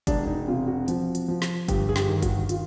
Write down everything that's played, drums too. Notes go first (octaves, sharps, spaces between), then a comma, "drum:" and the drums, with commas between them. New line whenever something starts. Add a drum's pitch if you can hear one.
E1 D4, drum: kick, hi-hat
D#4
C3 F4
F#4
F3, drum: hi-hat
drum: hi-hat
F3
drum: snare
G1 G4, drum: kick, hi-hat
G#4
G4, drum: snare
D#3
F#4, drum: kick, hi-hat
F4, drum: hi-hat